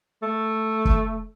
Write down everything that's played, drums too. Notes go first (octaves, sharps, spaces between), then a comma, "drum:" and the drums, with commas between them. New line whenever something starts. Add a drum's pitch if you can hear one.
A3
drum: kick